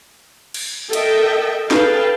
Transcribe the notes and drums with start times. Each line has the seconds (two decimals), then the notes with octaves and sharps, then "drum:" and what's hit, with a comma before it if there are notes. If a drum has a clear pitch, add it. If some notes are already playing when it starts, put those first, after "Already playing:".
0.54 drum: cymbal
0.93 A4 A#4 D#5 E5 G5 A5, drum: cymbal
1.71 G#4 A4 B4 F5 G5 A5, drum: snare